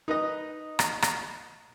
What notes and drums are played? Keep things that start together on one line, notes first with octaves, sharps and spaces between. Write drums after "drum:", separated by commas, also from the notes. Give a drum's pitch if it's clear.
D#4 B4 D#5
drum: rim click
drum: rim click